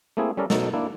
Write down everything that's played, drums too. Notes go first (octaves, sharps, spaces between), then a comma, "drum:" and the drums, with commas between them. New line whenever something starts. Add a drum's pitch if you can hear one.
A3 A#3 C4 E4 G#4
G3 C#4 A4 A#4 D5
B2 F#3 A3 D#4 A4, drum: snare
A#3 D4 E4